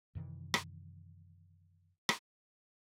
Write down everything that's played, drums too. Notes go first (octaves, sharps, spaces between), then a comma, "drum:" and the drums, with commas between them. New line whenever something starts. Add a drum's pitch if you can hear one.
F#2 C3 D#3 E3
drum: rim click
drum: rim click